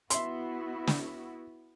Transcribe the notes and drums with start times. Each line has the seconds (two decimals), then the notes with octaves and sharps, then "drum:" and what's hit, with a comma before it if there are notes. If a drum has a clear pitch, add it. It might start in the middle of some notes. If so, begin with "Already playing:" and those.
0.10 B3 E4 F#4 E5 C6, drum: hi-hat
0.87 drum: snare